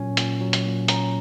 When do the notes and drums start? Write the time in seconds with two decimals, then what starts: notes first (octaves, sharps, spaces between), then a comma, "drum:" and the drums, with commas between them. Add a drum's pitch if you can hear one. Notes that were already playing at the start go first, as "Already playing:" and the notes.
Already playing: A#2 F#3 C#4 G#5
0.17 A#2, drum: hi-hat
0.41 F#3
0.53 drum: hi-hat
0.66 A#2
0.88 C#4 A#5, drum: hi-hat